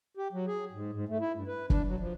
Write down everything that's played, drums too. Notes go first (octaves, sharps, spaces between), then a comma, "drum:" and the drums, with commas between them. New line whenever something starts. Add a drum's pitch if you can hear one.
G4
F#3
G#4
G#2
G#2
A3
E4
G2
B4
D4, drum: kick
F#3
F3